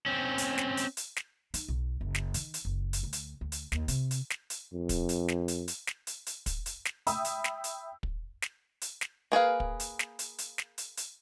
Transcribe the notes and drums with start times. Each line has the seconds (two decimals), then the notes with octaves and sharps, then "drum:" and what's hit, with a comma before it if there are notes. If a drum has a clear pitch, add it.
0.06 C4 C#4
0.38 drum: hi-hat
0.58 drum: snare
0.77 drum: hi-hat
0.97 drum: hi-hat
1.16 drum: snare
1.54 D#4, drum: hi-hat
1.69 B1
2.01 F#1
2.15 drum: snare
2.34 D#3, drum: hi-hat
2.54 drum: hi-hat
2.65 F#1
2.93 drum: hi-hat
3.03 D2
3.13 drum: hi-hat
3.41 D2
3.52 drum: hi-hat
3.72 D#2, drum: snare
3.88 C3, drum: hi-hat
4.11 drum: hi-hat
4.30 drum: snare
4.50 drum: hi-hat
4.74 F2
4.89 drum: kick, hi-hat
5.09 drum: hi-hat
5.28 drum: snare
5.48 drum: hi-hat
5.68 drum: hi-hat
5.87 drum: snare
6.07 drum: hi-hat
6.26 drum: hi-hat
6.46 drum: kick, hi-hat
6.66 drum: hi-hat
6.85 drum: snare
7.07 E5 G5 B5 D#6 E6, drum: hi-hat
7.25 drum: hi-hat
7.44 drum: snare
7.64 drum: hi-hat
8.03 drum: kick
8.42 drum: snare
8.81 drum: hi-hat
9.01 drum: snare
9.32 A#3 G#4 B4 F5
9.60 drum: kick
9.80 drum: hi-hat
9.99 drum: snare
10.19 drum: hi-hat
10.38 drum: hi-hat
10.58 drum: snare
10.78 drum: hi-hat
10.97 drum: hi-hat